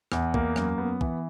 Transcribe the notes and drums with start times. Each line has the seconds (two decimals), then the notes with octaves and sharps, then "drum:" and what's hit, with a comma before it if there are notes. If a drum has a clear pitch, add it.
0.12 E2, drum: rim click
0.34 A#3, drum: kick
0.56 F#2, drum: rim click
0.78 B3
1.01 E3, drum: kick